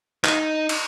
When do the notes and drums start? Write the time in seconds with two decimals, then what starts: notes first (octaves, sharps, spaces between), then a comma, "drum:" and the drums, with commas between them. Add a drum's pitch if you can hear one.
0.25 D#4, drum: clap
0.69 drum: cymbal